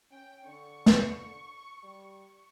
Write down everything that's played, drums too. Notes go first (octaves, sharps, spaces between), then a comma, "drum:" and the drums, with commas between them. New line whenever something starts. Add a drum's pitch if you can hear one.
C#4 G5
D3 C#6
drum: snare
G3